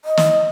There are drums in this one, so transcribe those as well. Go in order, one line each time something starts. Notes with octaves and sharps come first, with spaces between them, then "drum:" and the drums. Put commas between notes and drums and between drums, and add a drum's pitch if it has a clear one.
D#5
drum: snare